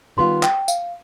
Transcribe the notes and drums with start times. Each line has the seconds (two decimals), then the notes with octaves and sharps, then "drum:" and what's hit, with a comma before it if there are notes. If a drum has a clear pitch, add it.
0.17 D#3 G3 B3 F4 C6
0.43 G5, drum: clap
0.68 F5, drum: tambourine